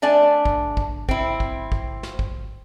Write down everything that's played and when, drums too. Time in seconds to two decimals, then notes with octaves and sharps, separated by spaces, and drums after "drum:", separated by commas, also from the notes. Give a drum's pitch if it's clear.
0.02 A3 D4 D5 G#5
0.45 drum: kick
0.77 drum: kick
1.09 C4 E4, drum: kick
1.40 drum: kick
1.72 drum: kick
2.03 drum: snare
2.19 drum: kick